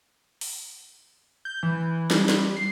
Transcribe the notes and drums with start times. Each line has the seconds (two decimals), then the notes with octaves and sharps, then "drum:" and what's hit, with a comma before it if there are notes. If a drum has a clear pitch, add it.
0.41 drum: open hi-hat
1.45 G6
1.63 E3
2.10 G3, drum: snare
2.29 drum: snare
2.57 C7